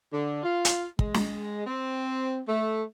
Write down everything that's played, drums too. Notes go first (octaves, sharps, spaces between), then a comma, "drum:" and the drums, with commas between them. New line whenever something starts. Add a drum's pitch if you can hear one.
D3
F4
drum: hi-hat
G#3, drum: kick
drum: snare
C4
A3